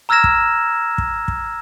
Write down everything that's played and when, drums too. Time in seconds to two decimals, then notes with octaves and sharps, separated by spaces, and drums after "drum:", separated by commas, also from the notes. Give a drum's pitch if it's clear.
0.09 A#5 E6 F6 G#6 A#6 E7
0.24 drum: kick
0.98 drum: kick
1.28 drum: kick